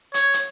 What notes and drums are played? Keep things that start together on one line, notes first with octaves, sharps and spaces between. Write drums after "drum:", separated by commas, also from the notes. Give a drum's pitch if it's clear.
C#5, drum: hi-hat
drum: hi-hat